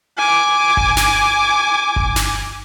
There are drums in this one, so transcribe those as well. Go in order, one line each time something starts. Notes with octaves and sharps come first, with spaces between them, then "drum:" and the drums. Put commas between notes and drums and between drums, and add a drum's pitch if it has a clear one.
G#5 D6
drum: kick G1
drum: snare
drum: kick G1
drum: snare